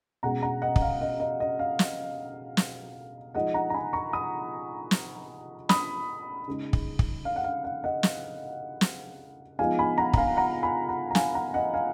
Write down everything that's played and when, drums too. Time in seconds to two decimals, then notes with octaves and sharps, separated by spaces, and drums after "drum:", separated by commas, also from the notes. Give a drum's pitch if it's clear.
0.23 B2 G#3 C#4 F#5 A#5
0.43 F#5 A#5
0.62 D#5 F#5
0.76 F#5, drum: kick
0.82 F5
1.01 D#5
1.20 D#5
1.40 D#5
1.59 F5
1.79 drum: snare
2.57 drum: snare
3.35 F3 G#3 D#4 D#5 F#5
3.54 F#5 A#5
3.70 A#5
3.74 G#5 B5
3.93 A#5 C#6
4.13 B5 D#6
4.91 drum: snare
5.69 B5 D#6, drum: snare
6.48 C#3 G#3 D#4
6.73 drum: kick
6.99 drum: kick
7.25 F5
7.36 F#5
7.44 F5
7.64 F5
7.84 D#5 F#5
8.03 drum: snare
8.81 drum: snare
9.59 F3 G#3 B3 D#4 F5 G#5
9.79 G#5 B5
9.98 F#5 A#5
10.13 A#5, drum: kick
10.17 F5 G#5
10.37 F#5 A#5
10.63 G#5 B5
10.89 F#5 A#5
11.11 A#5
11.15 F5 G#5, drum: snare
11.34 F#5 A#5
11.54 D#5 F#5
11.74 F5 G#5